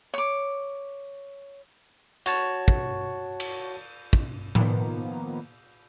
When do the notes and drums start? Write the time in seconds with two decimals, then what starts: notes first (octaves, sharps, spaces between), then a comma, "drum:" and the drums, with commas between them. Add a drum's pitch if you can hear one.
0.14 C#5 D6
2.26 F#4 C#5 A5, drum: hi-hat
2.68 drum: kick
3.40 drum: cymbal
4.13 drum: kick
4.55 D#3 F3 A#3 B3, drum: tom A2